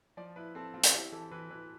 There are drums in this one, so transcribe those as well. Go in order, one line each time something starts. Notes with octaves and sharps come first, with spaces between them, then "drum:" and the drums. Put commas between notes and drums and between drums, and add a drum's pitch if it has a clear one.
F3 D5
E4 B4
C4 A4
C4 F4
drum: hi-hat
E4 G4
E3 A4
E3 B4
E3 B4